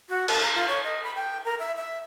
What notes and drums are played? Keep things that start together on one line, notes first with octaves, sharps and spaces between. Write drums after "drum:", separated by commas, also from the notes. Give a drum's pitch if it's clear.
F#4
A5, drum: cymbal
A#5
F4
C#5
D#5
B5
G5
A#4
E5
E5